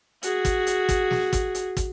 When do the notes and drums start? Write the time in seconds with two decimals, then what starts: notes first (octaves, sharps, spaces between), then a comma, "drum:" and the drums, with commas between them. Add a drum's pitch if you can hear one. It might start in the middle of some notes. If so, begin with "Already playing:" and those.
0.23 F#4 G#4, drum: hi-hat
0.45 drum: kick, hi-hat
0.67 drum: hi-hat
0.89 drum: kick, hi-hat
1.11 drum: snare
1.33 drum: kick, hi-hat
1.55 drum: hi-hat
1.77 drum: kick, hi-hat